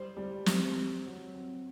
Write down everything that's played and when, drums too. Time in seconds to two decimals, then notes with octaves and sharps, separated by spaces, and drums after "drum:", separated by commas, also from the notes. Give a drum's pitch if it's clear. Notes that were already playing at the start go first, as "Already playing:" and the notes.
Already playing: G3 C5
0.17 G3
0.46 C4, drum: snare
0.76 C4
1.06 F#3
1.34 C4